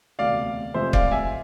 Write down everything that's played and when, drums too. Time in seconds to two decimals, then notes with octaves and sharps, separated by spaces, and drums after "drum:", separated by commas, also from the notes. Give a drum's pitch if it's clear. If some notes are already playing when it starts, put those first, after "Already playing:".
0.19 E1 D2 C3 D5 F5
0.74 F1 F2 C3 G#3 C5 E5
0.93 D5 F5, drum: kick
1.12 E5 G#5